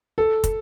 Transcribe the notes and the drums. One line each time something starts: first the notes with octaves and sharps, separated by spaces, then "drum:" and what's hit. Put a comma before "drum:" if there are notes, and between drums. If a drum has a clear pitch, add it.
A4
drum: kick, hi-hat